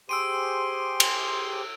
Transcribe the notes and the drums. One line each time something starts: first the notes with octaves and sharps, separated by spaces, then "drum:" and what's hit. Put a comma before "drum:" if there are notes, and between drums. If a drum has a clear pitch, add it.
G4 G#4 C5 C6 E6 D7 D#7
drum: cymbal